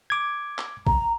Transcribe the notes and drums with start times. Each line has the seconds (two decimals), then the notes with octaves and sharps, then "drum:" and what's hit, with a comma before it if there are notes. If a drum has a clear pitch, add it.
0.10 D6 G#6
0.58 drum: clap
0.87 A#5, drum: kick